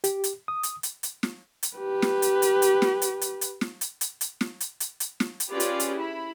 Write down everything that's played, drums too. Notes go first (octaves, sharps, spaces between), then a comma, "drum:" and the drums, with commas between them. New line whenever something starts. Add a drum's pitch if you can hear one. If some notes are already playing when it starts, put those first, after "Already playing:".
G4, drum: hi-hat
drum: hi-hat
D#6
drum: hi-hat
drum: hi-hat
drum: hi-hat
drum: snare
drum: hi-hat
G4 B4
drum: snare
drum: hi-hat
drum: hi-hat
drum: hi-hat
drum: snare
drum: hi-hat
drum: hi-hat
drum: hi-hat
drum: snare
drum: hi-hat
drum: hi-hat
drum: hi-hat
drum: snare
drum: hi-hat
drum: hi-hat
drum: hi-hat
drum: snare
drum: hi-hat
C#4 F4 G4 G#4 B4 D5
drum: hi-hat
drum: hi-hat
E4 B5